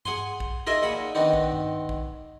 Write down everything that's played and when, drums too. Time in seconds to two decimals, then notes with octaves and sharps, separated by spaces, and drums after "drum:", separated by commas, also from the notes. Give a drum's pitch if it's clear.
0.05 G#4 F#5 G#5 C6, drum: tom G2
0.40 drum: kick
0.67 D#4 F4 G#4 A#4 D#5 E5
0.82 A#2 G#4 F#5 B5
1.15 D#3 B3 C4 D4 D#4
1.33 drum: kick
1.52 drum: tom G2
1.89 drum: kick